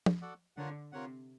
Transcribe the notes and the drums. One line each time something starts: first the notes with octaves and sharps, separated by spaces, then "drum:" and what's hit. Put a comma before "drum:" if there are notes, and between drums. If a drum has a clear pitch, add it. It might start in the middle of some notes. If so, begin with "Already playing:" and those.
drum: tom
F#4 A4 D5 F#5
D3 F4 A#4 C#5 F#5
C3 F4 A#4 C#5 F#5